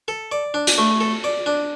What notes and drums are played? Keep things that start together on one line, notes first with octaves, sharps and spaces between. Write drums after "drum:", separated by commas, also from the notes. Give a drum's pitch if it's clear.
A4
D5
D4
drum: hi-hat
A3
A4
D5
D4